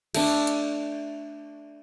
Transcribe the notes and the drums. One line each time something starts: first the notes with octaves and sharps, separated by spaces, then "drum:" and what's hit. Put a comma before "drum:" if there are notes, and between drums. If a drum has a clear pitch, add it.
A3 D4, drum: cymbal
drum: hi-hat